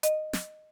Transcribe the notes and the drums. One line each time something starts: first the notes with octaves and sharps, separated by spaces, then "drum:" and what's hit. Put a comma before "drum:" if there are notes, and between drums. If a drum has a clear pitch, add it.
D#5, drum: hi-hat
drum: snare